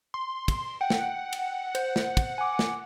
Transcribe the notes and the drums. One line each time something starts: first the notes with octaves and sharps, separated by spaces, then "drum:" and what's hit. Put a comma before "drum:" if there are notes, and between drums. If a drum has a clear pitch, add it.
C6
drum: kick, cymbal
F#5 G5
drum: snare
drum: cymbal
C5, drum: cymbal
drum: snare
drum: kick, cymbal
G#5 D6
drum: snare